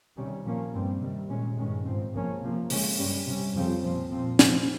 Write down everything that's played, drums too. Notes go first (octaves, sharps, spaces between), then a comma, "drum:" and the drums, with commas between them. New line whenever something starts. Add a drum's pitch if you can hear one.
C3 D#3 G3 C#4
A#2 F3 A#3 C#4
G2 G3 C4
C3 D#3 G3
A#2 G#3 C#4
G2 D#3 G#3 C#4
G#2 F3 C4
C#3 F3 A#3 C#4
C3 F3 A#3
C#3 G#3 C#4, drum: open hi-hat
G2 G3 C#4
C3 G3 C#4
F2 C#3 F3 C4
A#2 F3 C4
A#2 F3 C4
C3 F3 C4, drum: snare